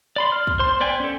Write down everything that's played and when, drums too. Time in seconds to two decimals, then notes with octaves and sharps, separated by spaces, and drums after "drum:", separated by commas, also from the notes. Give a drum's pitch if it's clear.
0.16 D5 B5 C6
0.32 F6
0.47 drum: kick
0.59 C5 C6
0.80 B3 D5 G5 G#5
1.00 C#4 A4